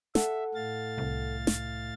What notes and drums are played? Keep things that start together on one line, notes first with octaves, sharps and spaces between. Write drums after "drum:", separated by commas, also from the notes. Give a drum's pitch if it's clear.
A4 E5 F#5, drum: snare
A2 F5 A6
C2
drum: snare